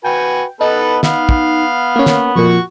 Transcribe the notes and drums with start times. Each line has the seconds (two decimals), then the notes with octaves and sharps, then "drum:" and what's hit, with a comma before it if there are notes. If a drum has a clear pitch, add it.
0.04 F#4 B4 G5 G#5
0.61 B3 D#4 A4 B4 A5
1.03 B3 F5, drum: snare
1.29 drum: kick
1.96 A#3 C#4
2.06 drum: snare
2.36 F2 A#2 F#4 C#6